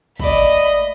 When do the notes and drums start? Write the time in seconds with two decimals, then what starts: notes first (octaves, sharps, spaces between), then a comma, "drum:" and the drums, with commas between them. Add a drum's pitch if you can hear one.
0.19 A3 D5 D#5 B5, drum: kick